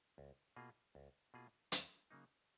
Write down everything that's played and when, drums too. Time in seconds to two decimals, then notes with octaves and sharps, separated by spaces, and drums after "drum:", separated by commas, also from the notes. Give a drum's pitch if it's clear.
0.18 C#2
0.56 B2 A#3 F4 G#4
0.95 C#2
1.34 B2 A#3 F4 G#4
1.72 D#2, drum: hi-hat
2.11 C#3 F#3 A#3 D#4